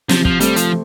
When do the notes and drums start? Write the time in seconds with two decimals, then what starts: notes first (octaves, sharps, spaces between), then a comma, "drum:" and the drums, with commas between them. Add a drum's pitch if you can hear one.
0.09 C3 F3, drum: snare
0.25 F3, drum: kick
0.40 G3 A3 C4, drum: hi-hat
0.56 F3, drum: hi-hat